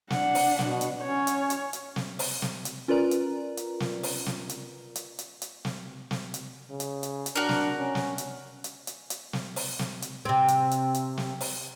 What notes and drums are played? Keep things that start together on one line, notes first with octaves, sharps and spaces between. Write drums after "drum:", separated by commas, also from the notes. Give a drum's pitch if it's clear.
D4 F#5, drum: snare
drum: open hi-hat
B2, drum: snare
drum: hi-hat
C#4 C#5
drum: hi-hat
drum: hi-hat
drum: hi-hat
drum: snare
drum: open hi-hat
drum: snare
drum: hi-hat
C#4 F4 A#4 B4 D5 A#5
drum: hi-hat
drum: hi-hat
drum: snare
drum: open hi-hat
drum: snare
drum: hi-hat
drum: hi-hat
drum: hi-hat
drum: hi-hat
drum: snare
drum: snare
drum: hi-hat
C#3
drum: hi-hat
drum: hi-hat
drum: hi-hat
D4 F#4 A#4
drum: snare
C#4
drum: snare
drum: hi-hat
drum: hi-hat
drum: hi-hat
drum: hi-hat
drum: snare
drum: open hi-hat
drum: snare
drum: hi-hat
C3 C4
drum: hi-hat
drum: hi-hat
drum: hi-hat
drum: snare
drum: open hi-hat